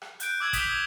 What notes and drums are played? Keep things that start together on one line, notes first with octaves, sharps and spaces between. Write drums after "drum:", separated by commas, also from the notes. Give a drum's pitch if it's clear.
drum: rim click
F#6 G6 D7, drum: hi-hat
D6 E6 G#6 F#7
D#6 B6 D7 E7 F7 G7, drum: kick, hi-hat